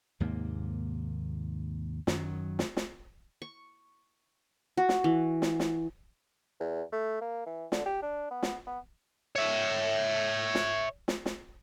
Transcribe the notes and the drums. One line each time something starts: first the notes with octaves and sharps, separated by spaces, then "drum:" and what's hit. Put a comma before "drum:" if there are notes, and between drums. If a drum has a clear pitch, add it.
D#2 G#2 C3 A#3
F#2 D#3 F#3, drum: snare
drum: snare
drum: snare
C#6
F#4
drum: snare
E3
drum: snare
drum: snare
E2
A3
A#3
E3
D3, drum: snare
G4
D4
B3
drum: snare
B3
C#5 E5
drum: snare
drum: snare
drum: snare